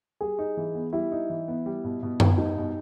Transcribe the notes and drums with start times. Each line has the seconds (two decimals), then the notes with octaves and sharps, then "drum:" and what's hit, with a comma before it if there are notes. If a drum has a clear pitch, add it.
0.21 G3 G#4
0.39 D#4
0.57 E3
0.75 B3
0.93 G3 E4
1.12 D#4
1.30 E3
1.48 B3
1.66 G3
1.84 B2
2.03 B2
2.20 B3, drum: tom F#2
2.38 G3 D#4
2.57 B2